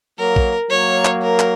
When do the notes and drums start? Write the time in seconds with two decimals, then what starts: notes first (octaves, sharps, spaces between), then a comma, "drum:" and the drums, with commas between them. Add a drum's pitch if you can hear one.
0.19 F#3 A#3 A#4
0.36 drum: kick A#1
0.70 F#3 A#3 C#5
1.05 drum: clap
1.22 A#4
1.39 drum: clap